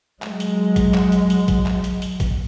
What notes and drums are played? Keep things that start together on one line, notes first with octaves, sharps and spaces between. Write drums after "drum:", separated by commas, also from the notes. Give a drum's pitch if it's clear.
F#3 G#3, drum: clap
drum: hi-hat
drum: kick A1, hi-hat
drum: clap
drum: hi-hat
drum: hi-hat
drum: kick A1, hi-hat
drum: clap
drum: hi-hat
drum: hi-hat
drum: kick A1, hi-hat